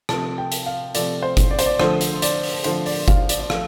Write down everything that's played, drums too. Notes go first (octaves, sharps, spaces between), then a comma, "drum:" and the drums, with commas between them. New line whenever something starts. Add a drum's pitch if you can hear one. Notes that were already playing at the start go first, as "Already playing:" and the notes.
C3 F3 A3 A5, drum: rim click
G5
drum: hi-hat
F5
C3 F3 A3 D5, drum: hi-hat
C5
drum: kick F#1, hi-hat
D5
C5, drum: hi-hat
D5
D3 F3 A3 C5, drum: rim click
drum: hi-hat
D5, drum: hi-hat
drum: open hi-hat
D3 F3 A3 C5, drum: hi-hat
D5, drum: open hi-hat
F5, drum: kick F#1, hi-hat
D5, drum: hi-hat
D5
F3 A3 F5, drum: rim click